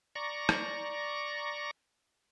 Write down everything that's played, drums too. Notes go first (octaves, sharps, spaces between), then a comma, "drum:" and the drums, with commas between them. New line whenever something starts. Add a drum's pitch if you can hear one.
D5 A#5 C#6
drum: rim click